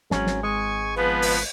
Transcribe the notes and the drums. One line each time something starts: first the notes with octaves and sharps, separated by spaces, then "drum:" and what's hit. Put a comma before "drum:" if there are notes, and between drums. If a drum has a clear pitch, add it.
G#1 G#2 F#3 C#4, drum: snare
drum: snare
G#3 G#5 C#6
F3 B3 B4
drum: open hi-hat